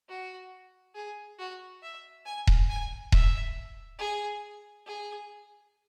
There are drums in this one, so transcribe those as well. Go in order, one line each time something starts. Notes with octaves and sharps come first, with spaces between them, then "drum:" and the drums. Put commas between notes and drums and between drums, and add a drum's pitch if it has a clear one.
F#4
G#4
F#4
E5
G#5
drum: kick D#1
G#5
E5, drum: kick D#1
G#4
G#4